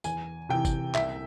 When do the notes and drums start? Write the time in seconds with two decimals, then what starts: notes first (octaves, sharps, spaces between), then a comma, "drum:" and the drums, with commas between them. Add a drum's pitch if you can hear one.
0.04 E2 G#5, drum: tambourine
0.49 C3 E3 G5
0.65 drum: kick G1, tambourine
0.94 C2 E5, drum: clap